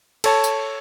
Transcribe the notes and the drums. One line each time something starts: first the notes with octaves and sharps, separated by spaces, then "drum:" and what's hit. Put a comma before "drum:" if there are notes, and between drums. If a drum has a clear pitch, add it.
A4 C#5 A5, drum: cymbal
drum: tambourine